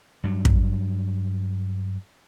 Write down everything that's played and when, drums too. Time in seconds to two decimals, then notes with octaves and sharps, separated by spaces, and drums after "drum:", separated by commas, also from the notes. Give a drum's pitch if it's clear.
0.24 G2 F#3
0.45 drum: kick